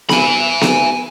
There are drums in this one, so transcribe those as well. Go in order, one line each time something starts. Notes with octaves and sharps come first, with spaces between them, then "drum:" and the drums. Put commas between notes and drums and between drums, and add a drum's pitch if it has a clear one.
G#5 B5, drum: snare B3
drum: snare B3